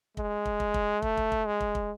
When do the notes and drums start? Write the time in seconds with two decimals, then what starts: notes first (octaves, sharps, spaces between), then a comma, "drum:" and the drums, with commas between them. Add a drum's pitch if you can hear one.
0.17 G#3, drum: kick
0.45 drum: kick
0.60 drum: kick
0.74 drum: kick
1.02 A3, drum: kick
1.17 drum: kick
1.32 drum: kick
1.47 G#3
1.60 drum: kick
1.75 drum: kick